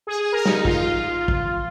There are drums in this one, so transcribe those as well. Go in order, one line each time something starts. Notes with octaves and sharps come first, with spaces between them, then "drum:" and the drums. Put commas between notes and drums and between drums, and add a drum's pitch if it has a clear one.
G#4
G#4
A#4
D#4, drum: snare
F4, drum: kick
drum: kick